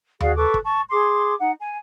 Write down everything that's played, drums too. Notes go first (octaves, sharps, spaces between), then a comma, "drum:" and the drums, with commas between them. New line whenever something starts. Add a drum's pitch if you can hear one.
F#4 G#4 D5 F5, drum: tom D#2
A4 B4 C#6 D6
drum: kick
A5 C#6
G#4 C6 D6
D#4 F#5
G#5